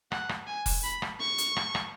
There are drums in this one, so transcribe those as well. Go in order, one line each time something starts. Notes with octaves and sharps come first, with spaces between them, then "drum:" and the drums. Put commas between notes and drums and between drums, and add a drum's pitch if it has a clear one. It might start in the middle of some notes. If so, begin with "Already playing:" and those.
F#5, drum: rim click
drum: rim click
G#5
drum: kick F1, open hi-hat
B5
drum: rim click
C#6
drum: hi-hat
drum: rim click
drum: rim click